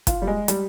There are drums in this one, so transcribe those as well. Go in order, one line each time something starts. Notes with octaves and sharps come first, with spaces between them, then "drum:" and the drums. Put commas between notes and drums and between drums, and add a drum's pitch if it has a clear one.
F4, drum: kick, hi-hat
G3
G#3
G3, drum: hi-hat